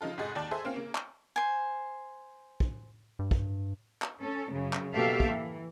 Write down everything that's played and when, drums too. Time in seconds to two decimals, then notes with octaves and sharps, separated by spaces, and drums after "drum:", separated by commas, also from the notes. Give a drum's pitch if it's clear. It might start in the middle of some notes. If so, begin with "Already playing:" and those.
0.01 C#3 F3 D#4 F4 A4
0.17 F1 G#2 F#4 G#4 D#5 A6
0.35 D#2 D5 A5
0.51 G#4 A4 C5 E5 G#5 C6
0.64 A#3 C4 C#4 F4 F5
0.76 C#3 A#3
0.95 drum: clap
1.36 C5 G#5
2.60 drum: kick
3.19 G2
3.31 drum: kick
4.02 drum: clap
4.21 C#4 A4
4.52 F#2 C#3
4.73 drum: clap
4.95 B2 A#3 G4 A4 E5 F5
5.20 drum: kick
5.32 E3